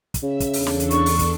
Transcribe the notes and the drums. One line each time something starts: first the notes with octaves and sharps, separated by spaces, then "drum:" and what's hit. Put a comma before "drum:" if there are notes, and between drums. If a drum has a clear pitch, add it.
drum: kick, hi-hat
C#3 E5 E6
drum: kick, hi-hat
E2 D4 A4, drum: open hi-hat
drum: snare
drum: hi-hat
C#6, drum: hi-hat
drum: open hi-hat
drum: kick, hi-hat